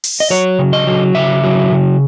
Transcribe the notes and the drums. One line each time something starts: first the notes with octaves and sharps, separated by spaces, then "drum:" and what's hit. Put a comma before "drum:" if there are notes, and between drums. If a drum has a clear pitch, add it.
drum: open hi-hat
D#5
F#3 C#5
C#3
D#5
F#3
C#3 E5
F#3
C#3